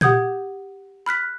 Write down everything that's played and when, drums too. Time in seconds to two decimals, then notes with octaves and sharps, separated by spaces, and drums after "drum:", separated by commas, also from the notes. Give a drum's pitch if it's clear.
0.01 G4 F#5 D#6 G6 G#6, drum: tom A#2
1.06 B5 F6 F#6 B6